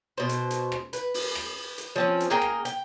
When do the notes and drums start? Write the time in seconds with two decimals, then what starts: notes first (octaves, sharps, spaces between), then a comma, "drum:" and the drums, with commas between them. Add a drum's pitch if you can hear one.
0.18 B2 C5
0.29 drum: hi-hat
0.50 drum: hi-hat
0.72 drum: rim click
0.93 B4, drum: hi-hat
1.14 drum: open hi-hat
1.35 drum: rim click
1.78 drum: hi-hat
1.96 F3 C4 C#4
2.20 drum: hi-hat
2.30 A#3 G#4 A#4 G5
2.42 drum: rim click
2.65 G5, drum: hi-hat